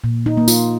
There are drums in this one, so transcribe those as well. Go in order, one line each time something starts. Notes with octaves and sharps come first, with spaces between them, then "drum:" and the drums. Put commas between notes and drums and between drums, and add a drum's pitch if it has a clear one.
A#2
D#4
A#3
F4, drum: tambourine